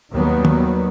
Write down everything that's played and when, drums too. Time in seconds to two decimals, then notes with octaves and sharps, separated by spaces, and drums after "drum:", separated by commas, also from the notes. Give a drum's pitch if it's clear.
0.13 D#2 D#3 F#3 G3 B3
0.45 drum: tom D#3